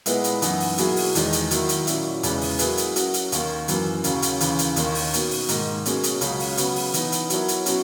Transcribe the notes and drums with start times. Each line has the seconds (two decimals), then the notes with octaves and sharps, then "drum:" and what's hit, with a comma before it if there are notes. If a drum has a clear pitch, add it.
0.06 A#2 G#3 B3 E4 B4, drum: hi-hat
0.24 drum: hi-hat
0.42 F#2 E3 B3 D#4 F#4, drum: hi-hat
0.60 drum: open hi-hat
0.78 B2 F#3 A#3 E4 G#4, drum: hi-hat
0.96 drum: open hi-hat
1.15 E2 D#3 G#3 D#4, drum: hi-hat
1.33 drum: hi-hat
1.51 D#3 F#3 A#3 E4, drum: hi-hat
1.69 drum: hi-hat
1.87 A#2 F#3 C#4 E4, drum: hi-hat
2.23 E2 C#3 E3 G#3, drum: hi-hat
2.41 drum: open hi-hat
2.59 F#3 A#3 E4 G#4 B4, drum: hi-hat
2.77 drum: hi-hat
2.96 F#3 C#4 F#4 A#4, drum: hi-hat
3.14 drum: hi-hat
3.32 D#2 D#3 A#3, drum: hi-hat
3.68 F#2 E3 A#3, drum: hi-hat
4.04 D#2 C#3 F#3 C#4, drum: hi-hat
4.22 drum: hi-hat
4.40 D#2 C#3 E3, drum: hi-hat
4.59 drum: hi-hat
4.76 D#2 D#3 A#3 C#4, drum: hi-hat
4.95 drum: open hi-hat
5.13 B2 A#3 D#4, drum: hi-hat
5.31 drum: open hi-hat
5.49 G#2 D#3 A#3 D#4, drum: hi-hat
5.85 B2 A#3 C#4 G#4, drum: hi-hat
6.03 drum: hi-hat
6.21 C#2 C#3 F#3 C#4, drum: hi-hat
6.40 drum: open hi-hat
6.57 C#3 F#3 B3, drum: hi-hat
6.76 drum: open hi-hat
6.94 E3 B3 D#4, drum: hi-hat
7.12 drum: hi-hat
7.30 F#3 B3 E4 A#4 C#5, drum: hi-hat
7.48 drum: hi-hat
7.66 B2 F#3 C#4, drum: hi-hat